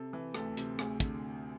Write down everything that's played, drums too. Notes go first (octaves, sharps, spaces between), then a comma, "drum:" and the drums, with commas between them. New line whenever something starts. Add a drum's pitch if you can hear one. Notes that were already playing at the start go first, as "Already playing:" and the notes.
Already playing: C3 A4
E3
D2 A4, drum: rim click
C3, drum: hi-hat
D2 G#4, drum: rim click
D3, drum: kick, hi-hat